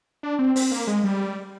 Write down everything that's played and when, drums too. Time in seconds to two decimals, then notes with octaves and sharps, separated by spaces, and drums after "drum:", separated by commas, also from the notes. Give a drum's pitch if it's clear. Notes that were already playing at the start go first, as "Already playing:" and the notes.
0.23 D4
0.39 C4
0.56 C4, drum: open hi-hat
0.71 A#3
0.87 G#3
1.04 G3